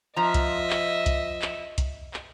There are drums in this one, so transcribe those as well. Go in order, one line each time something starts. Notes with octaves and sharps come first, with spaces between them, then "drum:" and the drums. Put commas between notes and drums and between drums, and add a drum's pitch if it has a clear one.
F2 F3 D#5 E5 A#5
drum: kick C2, hi-hat
drum: clap
drum: kick C2, hi-hat
drum: clap
drum: kick C2, hi-hat
drum: clap